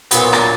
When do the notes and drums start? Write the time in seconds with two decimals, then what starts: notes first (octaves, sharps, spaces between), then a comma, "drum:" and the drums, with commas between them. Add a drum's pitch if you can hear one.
0.11 B1 A#2 F#3 B3 B4, drum: hi-hat
0.33 D4 D5, drum: rim click